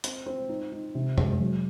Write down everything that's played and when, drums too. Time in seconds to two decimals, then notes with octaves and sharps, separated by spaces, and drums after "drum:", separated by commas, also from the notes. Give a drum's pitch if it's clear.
0.04 C4, drum: hi-hat
0.26 C4
0.49 D#4
0.72 D#4
0.95 C3
1.18 G#3, drum: tom F2
1.40 F#3